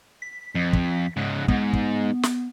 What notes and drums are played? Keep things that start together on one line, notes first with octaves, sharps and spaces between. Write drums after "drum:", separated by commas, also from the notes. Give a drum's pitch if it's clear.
B6
F2
drum: kick
G#2 C#3 F#6
G#2 B3, drum: kick
drum: kick
drum: snare